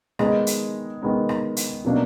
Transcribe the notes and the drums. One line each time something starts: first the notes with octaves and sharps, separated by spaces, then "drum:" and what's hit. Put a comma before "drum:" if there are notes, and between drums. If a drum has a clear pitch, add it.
D#3 G#3 B3 D#4, drum: rim click
drum: hi-hat
D#3 G#3 B3 D#4
drum: rim click
drum: hi-hat
B2 F#3 A#3 D4